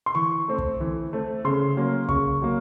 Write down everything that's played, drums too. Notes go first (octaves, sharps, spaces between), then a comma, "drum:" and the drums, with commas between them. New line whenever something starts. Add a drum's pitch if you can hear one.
C6
E3 C#6
A3 C4
drum: kick
E3
A3 C4
C#3 C6
F#3 A#3 C#4
C#3 C#6, drum: kick
F#3 A#3